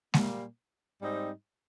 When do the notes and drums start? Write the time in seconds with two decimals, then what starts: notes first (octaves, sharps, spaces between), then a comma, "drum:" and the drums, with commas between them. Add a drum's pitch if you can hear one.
0.14 A#2 G3 A#3, drum: snare G#3
0.99 G#2 G3 C4 D#4